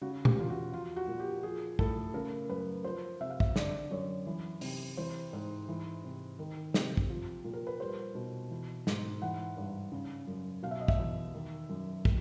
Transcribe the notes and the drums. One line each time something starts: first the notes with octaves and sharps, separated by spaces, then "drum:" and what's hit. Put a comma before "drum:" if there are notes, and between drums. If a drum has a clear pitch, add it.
C#3 F#4
G4, drum: tom A#2
E2 F4
F#4
F3 F4
F#4
A#2
G4
F3 G#4
A2 A4, drum: kick
C#3 A#4
F#2 B4
F3 C5
C3 E5
F5
E5, drum: kick
D3 D5, drum: snare
F#2 C#5
E3
C3, drum: open hi-hat
E3 C5
G#2
E3
C3
D#3
C3, drum: snare
drum: kick
F3
A#2
A#4
B4
G3 C5
B2
E3
G#2, drum: snare
E3 F#5
G2
C#3
F#2
B2 F5
E5
D#5
E5, drum: kick
E2
D#3
F#2
D#3, drum: kick